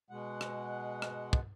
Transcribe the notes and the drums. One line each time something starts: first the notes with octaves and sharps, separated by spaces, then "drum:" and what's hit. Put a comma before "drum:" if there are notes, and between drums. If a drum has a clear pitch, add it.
B2 G#3 F#5
drum: rim click
drum: rim click
drum: kick